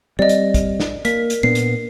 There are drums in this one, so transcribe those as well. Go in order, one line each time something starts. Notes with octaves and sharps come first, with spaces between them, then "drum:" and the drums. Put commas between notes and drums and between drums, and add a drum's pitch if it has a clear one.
G3 C4 D5 D#5
drum: hi-hat
drum: kick, hi-hat
drum: snare
A#3 A#4 B6, drum: hi-hat
drum: hi-hat
A#2 B3 D4 C7
drum: hi-hat